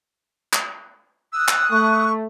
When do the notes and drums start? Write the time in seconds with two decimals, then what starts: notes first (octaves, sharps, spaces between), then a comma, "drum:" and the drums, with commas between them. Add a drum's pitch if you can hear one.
0.53 drum: clap
1.33 D#6 E6 F#6
1.48 drum: clap
1.71 A3 C#6